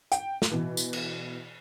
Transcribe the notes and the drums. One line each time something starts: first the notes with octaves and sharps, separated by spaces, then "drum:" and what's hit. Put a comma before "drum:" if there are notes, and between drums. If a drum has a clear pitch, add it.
G5, drum: hi-hat
drum: snare
B2 E3
drum: tambourine
drum: cymbal